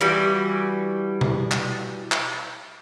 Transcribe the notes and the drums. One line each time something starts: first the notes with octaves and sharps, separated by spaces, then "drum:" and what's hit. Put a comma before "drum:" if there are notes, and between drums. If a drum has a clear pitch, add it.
E3 G3 F#4
drum: tom B2
drum: clap
drum: clap